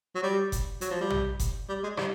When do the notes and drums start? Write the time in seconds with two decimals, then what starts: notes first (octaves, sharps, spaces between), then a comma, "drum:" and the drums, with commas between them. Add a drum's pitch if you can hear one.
0.15 F#3
0.23 G3
0.52 drum: kick F#1, hi-hat
0.81 F#3, drum: hi-hat
0.91 F3
1.01 G3
1.10 drum: tom A#1
1.40 drum: kick F#1, hi-hat
1.69 G3
1.83 G#3
1.97 G3, drum: rim click